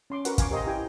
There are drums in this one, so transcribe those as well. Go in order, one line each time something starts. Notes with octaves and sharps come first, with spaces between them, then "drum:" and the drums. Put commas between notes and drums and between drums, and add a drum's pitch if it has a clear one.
C#4 C6 D6
F#4 A#4 B4 F#5, drum: hi-hat
F5 G#5 C#6 D6, drum: kick, hi-hat
G4 A#4 C5 D#5 A#5 C6
E4 G4 G5 G#5